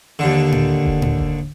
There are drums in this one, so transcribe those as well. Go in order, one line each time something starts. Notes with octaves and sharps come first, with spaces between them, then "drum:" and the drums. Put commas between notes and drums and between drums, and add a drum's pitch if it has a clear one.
D#2 D3
drum: tom A2
drum: kick F1
drum: tom A2
drum: kick F1